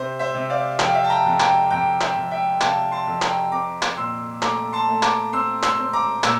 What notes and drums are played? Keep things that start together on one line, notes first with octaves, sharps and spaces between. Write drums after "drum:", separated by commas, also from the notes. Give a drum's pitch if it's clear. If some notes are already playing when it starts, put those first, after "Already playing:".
Already playing: C3 C5
C5 E5
C3
D5 F5
F2 G5, drum: clap
F5
E5 G5
A5
G5 A#5
F2
G5 A#5, drum: clap
F2 G5 A#5
E5 G5, drum: clap
F2
E5 G5
C3 F5 A5, drum: clap
A5 C6
F2
G5 A#5, drum: clap
C4 A#5 D6
drum: clap
A#2 C6 E6
A3 A#5 D6, drum: clap
A5 C6
A3
A#5 D6, drum: clap
C4 C6 E6
C6 E6, drum: clap
C4
A#5 D6
A#2 E6, drum: clap